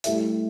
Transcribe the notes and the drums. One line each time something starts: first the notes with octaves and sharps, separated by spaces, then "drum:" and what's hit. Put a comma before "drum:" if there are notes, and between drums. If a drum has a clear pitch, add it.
A2 G3 E4 A4 E5, drum: hi-hat